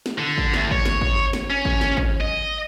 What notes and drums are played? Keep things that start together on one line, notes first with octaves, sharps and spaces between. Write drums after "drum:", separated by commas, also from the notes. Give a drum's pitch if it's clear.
drum: snare
D3
drum: kick
D2, drum: snare
C#5, drum: kick
drum: snare
drum: kick
drum: snare
C#4
drum: kick
drum: snare
drum: kick
D#5